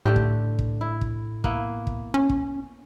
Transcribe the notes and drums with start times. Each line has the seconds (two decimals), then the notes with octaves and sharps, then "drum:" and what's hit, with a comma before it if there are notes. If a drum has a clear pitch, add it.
0.05 A2 D3 A3 G4
0.16 drum: kick
0.59 drum: kick
0.81 E4
1.01 drum: kick
1.44 A#3 B3 E4, drum: kick
1.87 drum: kick
2.14 C#4
2.29 drum: kick